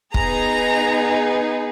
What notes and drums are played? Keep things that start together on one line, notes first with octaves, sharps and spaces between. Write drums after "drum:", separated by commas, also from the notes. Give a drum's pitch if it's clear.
B3 D#4 G#4 A#5, drum: kick